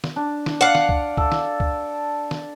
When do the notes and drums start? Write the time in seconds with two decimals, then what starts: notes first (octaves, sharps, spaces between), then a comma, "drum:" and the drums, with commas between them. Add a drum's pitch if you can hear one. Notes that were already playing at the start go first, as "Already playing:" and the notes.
0.04 drum: snare
0.16 D4
0.46 drum: snare
0.61 D5 F5 F#5
0.75 drum: snare
0.89 drum: kick
1.17 A4, drum: kick
1.32 drum: snare
1.60 drum: kick
2.31 drum: snare